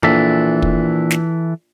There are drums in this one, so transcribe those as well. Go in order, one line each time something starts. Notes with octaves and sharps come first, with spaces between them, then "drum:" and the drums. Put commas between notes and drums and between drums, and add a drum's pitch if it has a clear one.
A#1 E3 A4 E5
drum: kick
drum: snare